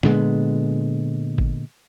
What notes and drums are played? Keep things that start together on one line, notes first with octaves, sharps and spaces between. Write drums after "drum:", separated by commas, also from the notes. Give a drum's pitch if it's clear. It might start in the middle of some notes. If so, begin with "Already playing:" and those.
A#2 D3 G#3 B3, drum: snare
drum: kick G#1